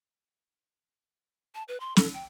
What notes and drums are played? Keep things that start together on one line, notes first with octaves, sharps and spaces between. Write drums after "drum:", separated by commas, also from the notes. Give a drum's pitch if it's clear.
A5
B4
C6
A4, drum: snare
G5